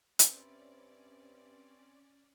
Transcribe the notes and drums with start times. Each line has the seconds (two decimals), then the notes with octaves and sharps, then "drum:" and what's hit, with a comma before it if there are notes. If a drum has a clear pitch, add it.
0.19 G2 C4 C#4 C5 D5 E5 B5, drum: hi-hat